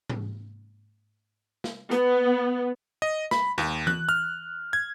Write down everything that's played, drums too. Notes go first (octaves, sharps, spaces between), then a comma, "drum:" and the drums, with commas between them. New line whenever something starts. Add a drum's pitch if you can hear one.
drum: tom G#2
drum: snare
B3, drum: hi-hat
D#5
B5, drum: snare
D#2, drum: snare
F#6, drum: tom E3
F6
G#6